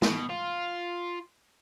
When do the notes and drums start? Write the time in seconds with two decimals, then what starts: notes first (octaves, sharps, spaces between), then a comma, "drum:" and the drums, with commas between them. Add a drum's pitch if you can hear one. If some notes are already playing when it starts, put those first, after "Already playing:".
0.02 B2, drum: snare
0.30 F4